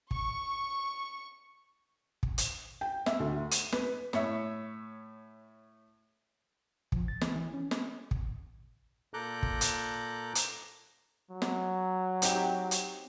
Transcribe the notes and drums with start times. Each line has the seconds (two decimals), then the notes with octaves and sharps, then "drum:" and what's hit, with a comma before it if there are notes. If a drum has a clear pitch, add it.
0.11 C#6, drum: kick
2.23 drum: kick
2.38 drum: hi-hat
2.81 G5
3.06 E5, drum: snare
3.20 D2
3.51 D#7, drum: hi-hat
3.72 B4, drum: snare
4.13 A2 C#5 E5 E6, drum: snare
6.92 F3, drum: kick
7.08 A6
7.21 E3, drum: snare
7.35 E3
7.54 C#4
7.71 drum: snare
8.11 drum: kick
9.14 A#2 A4 A#5 D6 F#6 G6
9.43 drum: kick
9.61 drum: hi-hat
10.35 drum: hi-hat
11.31 F#3
11.42 drum: snare
12.22 C4 D#4 G4, drum: hi-hat
12.71 drum: hi-hat